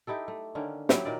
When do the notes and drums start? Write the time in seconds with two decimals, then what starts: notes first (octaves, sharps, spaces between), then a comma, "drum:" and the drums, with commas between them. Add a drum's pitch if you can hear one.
0.07 D#4 E4 G4 A4
0.28 A3
0.55 D3 D#3 A#3 C#4
0.89 F#3 E4 G4, drum: snare
1.05 A#2 D#3 A#4 D5